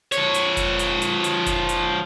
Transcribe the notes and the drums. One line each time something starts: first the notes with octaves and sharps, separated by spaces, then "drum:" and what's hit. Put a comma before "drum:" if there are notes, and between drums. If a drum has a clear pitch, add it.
F3 C#5, drum: hi-hat
drum: hi-hat
drum: kick F1, hi-hat
drum: hi-hat
drum: hi-hat
drum: hi-hat
drum: kick F1, hi-hat
drum: hi-hat